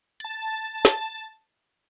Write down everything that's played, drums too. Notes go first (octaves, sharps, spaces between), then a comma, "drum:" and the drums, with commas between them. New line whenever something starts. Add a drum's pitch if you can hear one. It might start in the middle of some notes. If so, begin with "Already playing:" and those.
A5 A6, drum: hi-hat
drum: snare